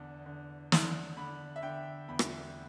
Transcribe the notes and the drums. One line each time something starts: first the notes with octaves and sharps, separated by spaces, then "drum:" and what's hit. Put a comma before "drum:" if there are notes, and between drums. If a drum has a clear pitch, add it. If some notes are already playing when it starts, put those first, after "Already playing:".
Already playing: E2 D3
D3
D3, drum: snare
D3 B5
E5
D3 G5
E2 B5
drum: rim click